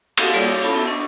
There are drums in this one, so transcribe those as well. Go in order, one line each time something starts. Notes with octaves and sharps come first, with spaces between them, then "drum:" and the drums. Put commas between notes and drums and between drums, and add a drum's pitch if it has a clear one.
F#4 G4 A4 F5 F#5 C6, drum: cymbal
G3 A#3 F4 G#4 C#5 D5
C#5 F5
C#4 E4 F4 A4 A5 B5
B3 E4 E5 E6
D4 D#5 C#6